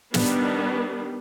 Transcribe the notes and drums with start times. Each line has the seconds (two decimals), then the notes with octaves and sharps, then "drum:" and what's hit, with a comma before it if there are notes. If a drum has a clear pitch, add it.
0.14 D#3 G3 B3 D4, drum: snare